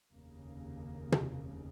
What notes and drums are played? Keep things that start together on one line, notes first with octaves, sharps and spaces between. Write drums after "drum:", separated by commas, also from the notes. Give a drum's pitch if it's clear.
F1 D#2 C#3 A#3
drum: tom